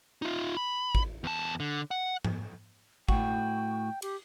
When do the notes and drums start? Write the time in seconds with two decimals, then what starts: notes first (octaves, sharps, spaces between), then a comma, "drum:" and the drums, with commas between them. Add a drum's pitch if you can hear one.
0.22 D#4 F4
0.57 B5
0.95 drum: kick G#1
1.24 E2 A5
1.60 D3
1.91 F#5
2.25 drum: tom G#2
3.09 A2 F#4 G5, drum: kick G#1
4.02 G4, drum: cymbal